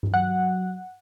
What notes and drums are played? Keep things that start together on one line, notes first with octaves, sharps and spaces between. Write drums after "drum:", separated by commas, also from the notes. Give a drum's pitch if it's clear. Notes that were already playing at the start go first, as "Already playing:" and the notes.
drum: tom G2
F#3 F#5